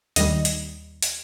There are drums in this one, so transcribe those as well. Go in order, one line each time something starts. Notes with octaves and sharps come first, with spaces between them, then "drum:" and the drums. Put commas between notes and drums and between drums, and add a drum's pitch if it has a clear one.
D#2 D#3 G3 D#5, drum: hi-hat
drum: hi-hat
drum: hi-hat